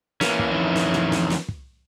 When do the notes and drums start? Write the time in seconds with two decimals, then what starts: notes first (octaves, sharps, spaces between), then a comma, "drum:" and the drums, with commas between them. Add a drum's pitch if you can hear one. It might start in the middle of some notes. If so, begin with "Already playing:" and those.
0.21 E3 A#3 C#4, drum: snare
0.39 drum: kick
0.51 F2 D#3
0.76 drum: snare
0.94 drum: tom
1.12 drum: snare
1.30 drum: snare
1.48 drum: kick